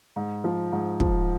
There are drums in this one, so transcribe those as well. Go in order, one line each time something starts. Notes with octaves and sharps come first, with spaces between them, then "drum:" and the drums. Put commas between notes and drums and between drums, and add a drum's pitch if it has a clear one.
G#2
F3
G#2
F3, drum: kick